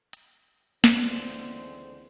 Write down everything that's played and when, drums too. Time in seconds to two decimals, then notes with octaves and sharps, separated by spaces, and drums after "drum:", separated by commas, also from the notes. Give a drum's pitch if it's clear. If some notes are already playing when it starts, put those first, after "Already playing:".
0.13 drum: hi-hat
0.84 C#2 D3 E3 G#3 C4 C5, drum: snare